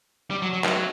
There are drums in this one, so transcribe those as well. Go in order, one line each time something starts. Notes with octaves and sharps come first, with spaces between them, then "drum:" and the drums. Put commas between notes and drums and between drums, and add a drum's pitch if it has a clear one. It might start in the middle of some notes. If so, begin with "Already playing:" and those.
G3
F#3
F#3
F#3, drum: clap